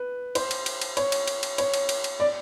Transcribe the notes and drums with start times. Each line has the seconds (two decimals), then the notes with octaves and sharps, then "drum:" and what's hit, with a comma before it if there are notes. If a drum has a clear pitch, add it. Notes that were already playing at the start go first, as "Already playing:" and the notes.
Already playing: B4
0.35 C5, drum: cymbal
0.51 drum: cymbal
0.66 drum: cymbal
0.81 drum: cymbal
0.97 C#5, drum: cymbal
1.12 drum: cymbal
1.28 drum: cymbal
1.43 drum: cymbal
1.58 C#5, drum: cymbal
1.74 drum: cymbal
1.89 drum: cymbal
2.04 drum: cymbal
2.20 D5